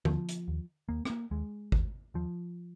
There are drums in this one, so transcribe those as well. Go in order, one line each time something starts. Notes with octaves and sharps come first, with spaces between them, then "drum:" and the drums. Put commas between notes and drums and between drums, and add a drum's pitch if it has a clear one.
D#2 F3, drum: tom D3
drum: hi-hat
D#2
D#2 A#3
C4, drum: rim click
A#3
D#2 G#3
D#2, drum: kick G#1
D#2 F3